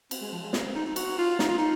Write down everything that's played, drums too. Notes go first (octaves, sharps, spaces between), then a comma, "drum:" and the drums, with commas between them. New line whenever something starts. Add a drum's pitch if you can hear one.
C4, drum: cymbal
G#3
F3
G#3
A#3, drum: snare
C4
D#4
D#4
F#4, drum: cymbal
F4
D#4, drum: snare
F4
D#4